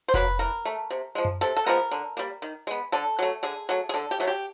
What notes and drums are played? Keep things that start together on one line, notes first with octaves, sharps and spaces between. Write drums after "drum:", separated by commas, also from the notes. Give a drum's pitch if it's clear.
C5
F#3 A#3 B4, drum: kick F1
E3 A#4
A3
C3
F3 G#3
drum: tom F#2
C3 A4
A4
F3 G#3 B3 A#4
D3
G3 A#3
D#3
G#3 B3
D3 A4
F#3 A3
D3 G#4
F#3 A3
G#4
D3 A4
G4
F#3 A3
G4